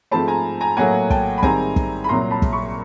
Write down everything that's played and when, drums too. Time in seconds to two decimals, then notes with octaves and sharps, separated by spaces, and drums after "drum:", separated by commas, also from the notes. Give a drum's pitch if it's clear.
0.11 G#2 F3 A3 C4 A5 B5
0.28 G#5 A#5
0.61 G#5 A#5
0.77 A2 F#3 A#3 F#5 G#5
1.10 G5 A5, drum: kick
1.38 B5
1.43 G#2 D#3 G3 C4 G#5 A#5, drum: kick
1.76 drum: kick
2.04 B5
2.09 C2 A#2 F#3 A#5 C6
2.31 A5 B5
2.42 drum: kick
2.52 B5 C#6